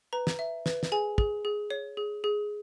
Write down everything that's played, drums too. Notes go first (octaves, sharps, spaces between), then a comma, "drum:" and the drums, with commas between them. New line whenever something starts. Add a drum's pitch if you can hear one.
B4 A#5
drum: snare
E5
B4, drum: snare
drum: snare
G#4 G#5
G#4, drum: kick
G#4
C#5
G#4
G#4